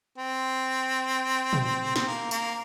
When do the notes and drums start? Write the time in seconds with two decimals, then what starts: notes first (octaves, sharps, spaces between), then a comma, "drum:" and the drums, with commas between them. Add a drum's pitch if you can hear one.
0.18 C4
1.53 drum: tom A#2
1.96 C4, drum: snare
2.08 A#3
2.31 A#3, drum: tambourine